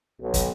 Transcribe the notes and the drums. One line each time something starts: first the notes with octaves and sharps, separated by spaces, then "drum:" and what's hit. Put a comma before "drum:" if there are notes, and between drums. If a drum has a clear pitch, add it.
B1
drum: kick, hi-hat